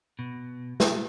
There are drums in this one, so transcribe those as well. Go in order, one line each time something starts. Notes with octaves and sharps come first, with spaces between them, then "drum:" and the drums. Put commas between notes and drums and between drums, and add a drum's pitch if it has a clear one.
B2
drum: snare